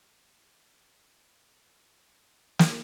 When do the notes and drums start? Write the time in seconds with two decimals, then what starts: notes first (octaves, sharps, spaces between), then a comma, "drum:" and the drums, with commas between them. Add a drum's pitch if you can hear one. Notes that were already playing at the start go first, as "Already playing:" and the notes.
0.18 C5
0.59 A#3 B3
0.90 E4 A#4
1.71 A#4
2.22 D5 F5
2.59 drum: snare